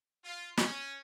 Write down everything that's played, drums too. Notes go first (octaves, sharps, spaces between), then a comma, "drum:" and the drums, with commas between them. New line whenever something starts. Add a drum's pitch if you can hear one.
F4
C#4, drum: snare